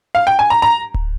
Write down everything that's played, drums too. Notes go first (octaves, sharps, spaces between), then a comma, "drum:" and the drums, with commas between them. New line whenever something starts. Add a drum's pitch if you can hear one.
F5
G5
G#5
A#5
A#5
drum: kick D1